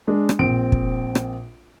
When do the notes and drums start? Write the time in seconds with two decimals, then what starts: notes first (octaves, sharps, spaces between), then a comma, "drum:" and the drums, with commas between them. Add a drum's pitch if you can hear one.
0.07 G#3 D4
0.29 drum: rim click
0.39 A#1 C4 D7
0.72 drum: kick
1.15 drum: rim click